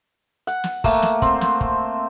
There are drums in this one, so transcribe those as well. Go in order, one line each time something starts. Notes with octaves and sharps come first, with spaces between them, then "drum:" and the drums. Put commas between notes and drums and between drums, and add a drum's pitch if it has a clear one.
F#5, drum: hi-hat
drum: snare
A3 A#3, drum: kick, open hi-hat
drum: snare
C4, drum: kick, hi-hat
drum: snare
drum: kick